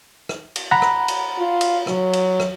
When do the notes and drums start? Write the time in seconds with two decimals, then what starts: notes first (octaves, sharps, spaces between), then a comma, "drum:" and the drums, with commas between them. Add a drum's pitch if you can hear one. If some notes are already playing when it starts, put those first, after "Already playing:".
0.29 drum: rim click
0.56 drum: cymbal
0.71 F#5 A#5 B5
0.82 drum: rim click
1.08 drum: cymbal
1.38 F4
1.61 drum: cymbal
1.87 F#3, drum: rim click
2.13 drum: cymbal
2.40 drum: rim click